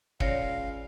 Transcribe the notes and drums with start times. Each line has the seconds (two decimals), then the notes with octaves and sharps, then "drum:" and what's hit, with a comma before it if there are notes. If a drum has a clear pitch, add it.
0.20 C#2 C#5 D5 F5 A#6, drum: kick